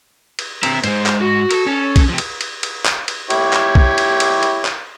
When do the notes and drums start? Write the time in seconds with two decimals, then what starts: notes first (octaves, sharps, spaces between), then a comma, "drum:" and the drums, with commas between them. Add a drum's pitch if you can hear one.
0.39 drum: cymbal
0.63 C4 E4 A#5, drum: cymbal
0.84 G#2 G#3 C5, drum: cymbal
1.06 drum: clap
1.21 F#4
1.51 A4 A#4, drum: cymbal
1.66 C#4
1.96 drum: kick, cymbal
2.09 C3 F3
2.18 drum: cymbal
2.41 drum: cymbal
2.63 drum: cymbal
2.86 drum: clap
3.08 drum: cymbal
3.30 E4 G4 C#5, drum: cymbal
3.53 drum: clap
3.75 drum: kick
3.98 drum: cymbal
4.20 drum: cymbal
4.43 drum: cymbal
4.65 drum: clap